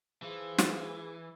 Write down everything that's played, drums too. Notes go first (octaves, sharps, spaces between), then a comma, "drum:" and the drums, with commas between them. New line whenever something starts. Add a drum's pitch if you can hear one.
E3 F3 G#4
drum: snare